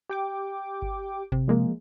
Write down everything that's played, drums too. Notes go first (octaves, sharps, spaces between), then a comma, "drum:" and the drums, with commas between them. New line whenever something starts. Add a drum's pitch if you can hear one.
G4 G5 D6
drum: kick G1
C3, drum: kick G1
F3 G#3 A#3